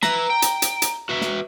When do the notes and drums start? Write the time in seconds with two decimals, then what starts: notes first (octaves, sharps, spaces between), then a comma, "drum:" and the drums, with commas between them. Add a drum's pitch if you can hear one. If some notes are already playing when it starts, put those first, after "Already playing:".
0.03 B4 E5 A#5, drum: snare
0.30 G5
0.42 drum: hi-hat
0.62 drum: hi-hat
0.82 drum: hi-hat
1.09 F#4 B4 E5
1.21 drum: snare